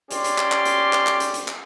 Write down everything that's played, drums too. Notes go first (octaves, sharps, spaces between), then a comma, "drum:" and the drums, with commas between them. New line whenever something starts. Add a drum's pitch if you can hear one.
C#4 G4 D5 C6, drum: hi-hat
drum: hi-hat
drum: clap
drum: clap
drum: hi-hat
drum: clap
drum: clap
drum: hi-hat
drum: hi-hat
drum: clap